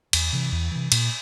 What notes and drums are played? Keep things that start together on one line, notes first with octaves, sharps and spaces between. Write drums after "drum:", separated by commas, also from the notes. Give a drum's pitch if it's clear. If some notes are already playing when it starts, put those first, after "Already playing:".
E2, drum: cymbal
C3 E3
E2
C3 E3
A#2, drum: cymbal